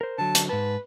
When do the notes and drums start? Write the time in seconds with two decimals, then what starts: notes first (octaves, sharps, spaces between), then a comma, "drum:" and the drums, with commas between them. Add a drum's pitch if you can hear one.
0.01 A#4 C5
0.18 D3 F#3 A5
0.35 drum: hi-hat
0.49 G#2 B4 A5